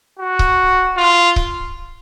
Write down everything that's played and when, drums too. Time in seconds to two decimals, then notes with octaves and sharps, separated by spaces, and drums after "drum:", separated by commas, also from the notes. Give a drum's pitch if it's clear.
0.20 F#4
0.39 drum: kick C#1
0.97 F4
1.36 drum: kick C#1